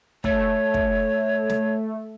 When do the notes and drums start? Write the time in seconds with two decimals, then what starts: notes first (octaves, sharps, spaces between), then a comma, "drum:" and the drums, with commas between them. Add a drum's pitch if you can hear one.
0.24 A3 C#5, drum: kick
0.74 drum: kick
1.50 drum: snare